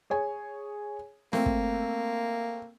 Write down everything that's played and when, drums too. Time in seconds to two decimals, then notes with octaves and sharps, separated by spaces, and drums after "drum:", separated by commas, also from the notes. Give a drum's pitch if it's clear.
0.10 G#4 C#5 G#5
1.33 A3 A#3 C4, drum: snare
1.46 drum: kick